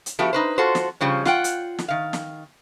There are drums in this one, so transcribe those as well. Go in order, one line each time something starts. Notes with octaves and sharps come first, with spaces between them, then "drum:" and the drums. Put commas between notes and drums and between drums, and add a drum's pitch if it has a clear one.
drum: hi-hat
F3 A3 B3 F#4 G4
D#4 B4 C5
F4 F#4 A4 C5
drum: snare
C#3 F3 G3 C#4
F4 F#5 G5, drum: snare
drum: hi-hat
drum: snare
D#3 F5
drum: snare